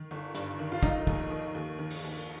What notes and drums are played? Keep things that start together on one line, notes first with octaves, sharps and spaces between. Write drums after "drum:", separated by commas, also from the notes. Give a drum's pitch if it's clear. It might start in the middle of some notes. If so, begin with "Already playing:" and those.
Already playing: D#3
G1
G2, drum: hi-hat
D#3
F4
F1 D#4, drum: kick
D#2, drum: kick
D#3
D#2
D#3
drum: cymbal
D#2